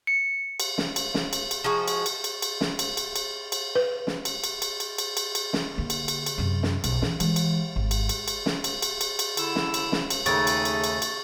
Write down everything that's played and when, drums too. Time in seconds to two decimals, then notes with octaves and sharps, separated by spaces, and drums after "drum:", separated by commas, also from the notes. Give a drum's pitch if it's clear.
0.07 C#7
0.60 drum: cymbal
0.78 drum: snare
0.96 drum: cymbal
1.14 drum: snare
1.33 drum: cymbal
1.51 drum: cymbal
1.64 F3 G#3 D#4 F#4
1.88 drum: cymbal
2.06 drum: cymbal
2.24 drum: cymbal
2.42 drum: cymbal
2.61 drum: snare
2.79 drum: cymbal
2.97 drum: cymbal
3.16 drum: cymbal
3.52 drum: cymbal
3.75 B4
4.07 drum: snare
4.25 drum: cymbal
4.44 drum: cymbal
4.62 drum: cymbal
4.80 drum: cymbal
4.98 drum: cymbal
5.17 drum: cymbal
5.35 drum: cymbal
5.53 drum: snare
5.78 D3 A#3
5.90 drum: cymbal
6.08 drum: cymbal
6.26 drum: cymbal
6.38 F#2 C3
6.63 drum: snare
6.84 B1, drum: cymbal
7.02 E3, drum: snare
7.20 E3 G#3, drum: cymbal
7.36 drum: cymbal
7.76 G#1
7.91 drum: cymbal
8.09 drum: cymbal
8.28 drum: cymbal
8.46 drum: snare
8.64 drum: cymbal
8.82 drum: cymbal
9.01 drum: cymbal
9.19 drum: cymbal
9.37 D3 E4 E6, drum: cymbal
9.56 drum: snare
9.74 drum: cymbal
9.92 drum: snare
10.10 drum: cymbal
10.26 D#2 C#3 A3 D#4 A4 C#6 A6, drum: cymbal
10.47 drum: cymbal
10.65 drum: cymbal
10.84 drum: cymbal
11.02 drum: cymbal